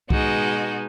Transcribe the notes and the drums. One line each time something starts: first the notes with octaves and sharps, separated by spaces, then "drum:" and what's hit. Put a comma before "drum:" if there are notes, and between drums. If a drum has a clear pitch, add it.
B2 G#3 D#4 F#4, drum: kick